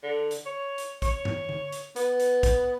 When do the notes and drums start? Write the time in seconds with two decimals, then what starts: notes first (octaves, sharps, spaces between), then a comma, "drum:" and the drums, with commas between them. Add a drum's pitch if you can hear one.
0.03 D3
0.31 drum: hi-hat
0.46 C#5
0.78 drum: hi-hat
1.02 C#5, drum: kick, hi-hat
1.25 drum: tom G2
1.49 drum: tom D3
1.72 drum: hi-hat
1.96 B3, drum: hi-hat
2.20 drum: hi-hat
2.43 drum: kick, hi-hat